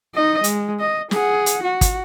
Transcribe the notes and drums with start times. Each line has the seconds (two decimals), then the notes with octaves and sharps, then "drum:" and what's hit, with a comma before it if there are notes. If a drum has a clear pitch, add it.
0.15 D#4 D#5
0.44 G#3, drum: hi-hat
0.80 D#5
1.11 G#4 F#5, drum: snare
1.46 drum: hi-hat
1.63 F#4
1.81 drum: kick, hi-hat